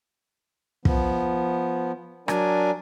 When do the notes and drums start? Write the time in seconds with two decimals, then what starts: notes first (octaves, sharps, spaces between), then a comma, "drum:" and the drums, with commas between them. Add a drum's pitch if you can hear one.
0.85 F3 B3, drum: kick
2.28 F#3 D4 A#4 D5 G#5, drum: rim click